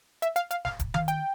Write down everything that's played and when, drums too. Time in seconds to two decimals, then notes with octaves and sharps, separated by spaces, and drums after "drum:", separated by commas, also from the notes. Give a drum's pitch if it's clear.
0.22 E5, drum: hi-hat
0.36 F5, drum: hi-hat
0.51 F5, drum: hi-hat
0.65 F5, drum: snare
0.79 drum: kick, hi-hat
0.94 F5, drum: tom D#3
1.08 G5, drum: hi-hat